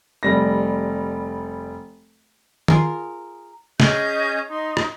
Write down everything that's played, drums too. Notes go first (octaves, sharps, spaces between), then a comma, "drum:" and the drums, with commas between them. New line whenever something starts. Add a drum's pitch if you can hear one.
F1 G3 A#6
F4 G#4 A#4, drum: tom D#3
C#4 G#4 D#5 G6, drum: snare
D#4 C6
drum: rim click